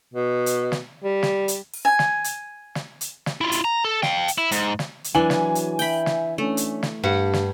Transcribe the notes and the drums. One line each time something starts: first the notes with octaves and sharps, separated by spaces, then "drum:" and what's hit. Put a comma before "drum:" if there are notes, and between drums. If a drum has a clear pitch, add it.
B2
drum: hi-hat
drum: snare
G3
drum: snare
drum: hi-hat
drum: open hi-hat
G#5
drum: snare
drum: hi-hat
drum: snare
drum: hi-hat
drum: snare
E4 F4
drum: hi-hat
A#5
A4
F5 G5, drum: snare
drum: hi-hat
E4
G#2, drum: hi-hat
drum: snare
drum: hi-hat
E3 F#3 D4 G#5
drum: snare
drum: hi-hat
E5 G5 B5, drum: open hi-hat
drum: snare
A3 C#4 D4
drum: hi-hat
drum: snare
G2 D4 G4 F#5
drum: snare